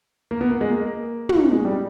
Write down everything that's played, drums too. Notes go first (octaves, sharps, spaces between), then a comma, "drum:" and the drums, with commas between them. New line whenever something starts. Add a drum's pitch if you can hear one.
A#3
B3
A#3
G#3
A#3
drum: tom
G#3
G3